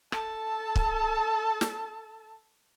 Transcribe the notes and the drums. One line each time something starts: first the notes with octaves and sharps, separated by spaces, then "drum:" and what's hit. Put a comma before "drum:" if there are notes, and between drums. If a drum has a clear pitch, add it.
A4 A5, drum: rim click
drum: kick
drum: snare